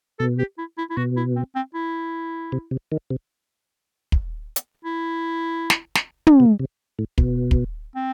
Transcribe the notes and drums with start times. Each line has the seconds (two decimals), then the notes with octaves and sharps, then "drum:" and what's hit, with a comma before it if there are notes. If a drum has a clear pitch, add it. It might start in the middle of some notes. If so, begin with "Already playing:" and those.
0.19 B2 A4
0.39 G4
0.58 E4
0.78 E4
0.90 E4
0.97 B2 F#4
1.17 E4
1.36 C4
1.55 C4
1.74 E4
2.52 C3
2.71 C3
2.92 D#3
3.10 C3
4.12 drum: kick
4.56 drum: hi-hat
4.85 E4
5.70 drum: snare
5.95 drum: snare
6.27 drum: tom
6.40 C3
6.59 C3
6.99 A2
7.18 B2, drum: kick
7.51 drum: kick
7.95 C4